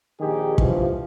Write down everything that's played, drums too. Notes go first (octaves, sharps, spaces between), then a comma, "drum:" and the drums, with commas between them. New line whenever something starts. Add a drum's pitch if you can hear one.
A#1 D#3 G4 G#4
G2 E3 F3, drum: kick